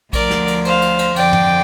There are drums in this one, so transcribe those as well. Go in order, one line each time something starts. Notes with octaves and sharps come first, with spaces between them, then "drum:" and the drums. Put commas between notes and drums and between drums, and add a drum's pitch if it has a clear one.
D2 D3 F3 A#4 D5, drum: kick A#1, cymbal
drum: snare
drum: cymbal
C5 F5, drum: cymbal
drum: cymbal
drum: cymbal
F2 D3 F3 D5 G5, drum: cymbal
drum: tom